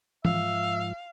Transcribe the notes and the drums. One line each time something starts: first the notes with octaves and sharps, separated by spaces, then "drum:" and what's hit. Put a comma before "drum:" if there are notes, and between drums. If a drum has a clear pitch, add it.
G#2 F3 E5 F5, drum: tom